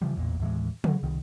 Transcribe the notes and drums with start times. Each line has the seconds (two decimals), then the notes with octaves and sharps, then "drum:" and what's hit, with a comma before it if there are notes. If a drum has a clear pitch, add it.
0.02 C#3 E3 F3 G3
0.16 A1 E2 A#2
0.40 D#2 A2 E3 G#3
0.84 F#3, drum: tom C#3
1.03 C2 D#3